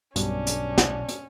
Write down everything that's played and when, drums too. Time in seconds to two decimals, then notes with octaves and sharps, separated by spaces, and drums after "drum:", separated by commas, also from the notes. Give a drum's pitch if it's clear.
0.16 B1 G2 B2 C#4 D4, drum: hi-hat
0.47 drum: hi-hat
0.78 drum: snare
1.09 drum: hi-hat